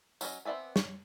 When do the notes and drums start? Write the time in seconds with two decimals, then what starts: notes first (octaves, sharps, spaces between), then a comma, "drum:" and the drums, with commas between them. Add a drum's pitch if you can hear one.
0.21 F#3 C#4 A4 D#5, drum: tambourine
0.45 B3 C4 D5 E5 G#5
0.76 C#5, drum: snare